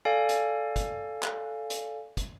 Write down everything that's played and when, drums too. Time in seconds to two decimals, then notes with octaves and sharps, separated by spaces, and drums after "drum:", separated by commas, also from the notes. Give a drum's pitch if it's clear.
0.05 A4 D5 F5 G#5
0.29 drum: hi-hat
0.76 drum: kick, hi-hat
1.23 drum: clap
1.70 drum: hi-hat
2.17 drum: kick, hi-hat